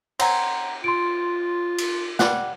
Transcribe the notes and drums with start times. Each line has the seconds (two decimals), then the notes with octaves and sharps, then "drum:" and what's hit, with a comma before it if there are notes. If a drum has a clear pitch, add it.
0.19 C4 C#5 F#5 G#5 A#5, drum: cymbal
0.84 F4 C6 D7
1.78 drum: cymbal
2.19 G3 D5 F#5, drum: snare